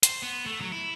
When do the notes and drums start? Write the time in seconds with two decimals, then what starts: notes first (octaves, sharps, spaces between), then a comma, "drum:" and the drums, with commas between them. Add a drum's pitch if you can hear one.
0.03 C5, drum: hi-hat
0.22 B3
0.47 A3
0.61 F#3
0.72 E4